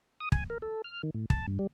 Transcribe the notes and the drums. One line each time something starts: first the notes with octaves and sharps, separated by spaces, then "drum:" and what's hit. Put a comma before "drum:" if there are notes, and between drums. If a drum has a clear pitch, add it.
D#6
G#5, drum: kick
A#4
A4
F6
D#3
A2
A5, drum: kick
G2
G3